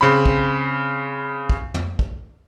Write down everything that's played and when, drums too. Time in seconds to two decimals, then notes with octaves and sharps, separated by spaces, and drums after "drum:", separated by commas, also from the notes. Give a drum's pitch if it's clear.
0.01 C#3 C4 B5
0.26 drum: kick
1.49 drum: kick
1.74 drum: tom
1.99 drum: kick